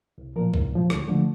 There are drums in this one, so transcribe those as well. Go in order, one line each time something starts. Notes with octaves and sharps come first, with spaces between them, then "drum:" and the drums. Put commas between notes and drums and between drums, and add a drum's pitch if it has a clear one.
C2
A#2 F3 A#4
C2, drum: kick
A#2 F3
D2, drum: rim click
D3 F3 A3